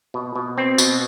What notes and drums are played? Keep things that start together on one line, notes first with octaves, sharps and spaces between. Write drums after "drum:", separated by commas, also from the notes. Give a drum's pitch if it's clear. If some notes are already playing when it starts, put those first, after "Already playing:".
B2
B2
C4
B2, drum: tambourine